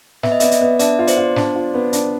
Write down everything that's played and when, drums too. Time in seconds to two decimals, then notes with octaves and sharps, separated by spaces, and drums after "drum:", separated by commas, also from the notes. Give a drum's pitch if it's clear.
0.23 B3 E5, drum: snare
0.32 D#5
0.40 B3 D5 E5, drum: hi-hat
0.51 drum: hi-hat
0.61 B3
0.79 D4 D5 E5, drum: hi-hat
0.99 F4
1.07 C5 D5, drum: hi-hat
1.17 F4
1.36 D4, drum: snare
1.56 F4
1.74 B3
1.93 D4, drum: hi-hat